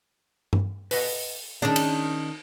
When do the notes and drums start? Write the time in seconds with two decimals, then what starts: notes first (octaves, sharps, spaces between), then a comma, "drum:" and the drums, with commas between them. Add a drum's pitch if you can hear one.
0.53 drum: tom G2
0.91 B4 D#5 F#5, drum: open hi-hat
1.62 D#3 C#4 D4 G#4 D5
1.76 drum: cymbal